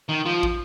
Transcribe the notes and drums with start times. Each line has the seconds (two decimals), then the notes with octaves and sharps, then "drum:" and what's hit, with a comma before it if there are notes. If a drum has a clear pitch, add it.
0.09 D#3
0.25 F3
0.43 drum: kick